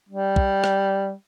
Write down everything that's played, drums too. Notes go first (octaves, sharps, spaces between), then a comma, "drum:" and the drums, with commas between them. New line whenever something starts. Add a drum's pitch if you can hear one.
G3
drum: kick
drum: rim click